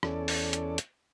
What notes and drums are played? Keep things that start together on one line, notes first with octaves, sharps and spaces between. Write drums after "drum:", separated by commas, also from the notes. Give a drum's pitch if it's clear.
E2 C#4 A4 D5, drum: rim click
drum: open hi-hat
drum: hi-hat
drum: hi-hat